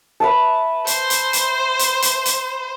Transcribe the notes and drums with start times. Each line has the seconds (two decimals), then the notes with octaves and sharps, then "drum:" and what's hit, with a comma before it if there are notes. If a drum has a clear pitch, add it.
0.20 B4 E5 A5
0.87 C5, drum: hi-hat
1.10 drum: hi-hat
1.33 drum: hi-hat
1.79 drum: hi-hat
2.02 drum: hi-hat
2.26 drum: hi-hat